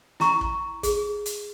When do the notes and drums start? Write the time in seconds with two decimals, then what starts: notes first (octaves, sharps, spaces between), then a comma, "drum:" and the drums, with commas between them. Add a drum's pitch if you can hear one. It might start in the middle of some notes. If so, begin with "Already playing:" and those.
0.20 E4 A#5 C#6, drum: snare
0.41 drum: kick
0.83 G#4, drum: kick, hi-hat
1.26 drum: hi-hat